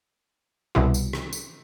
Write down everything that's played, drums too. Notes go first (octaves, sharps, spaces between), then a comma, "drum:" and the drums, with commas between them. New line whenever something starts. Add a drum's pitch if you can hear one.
C2 B2 E4
drum: tambourine
drum: rim click
drum: tambourine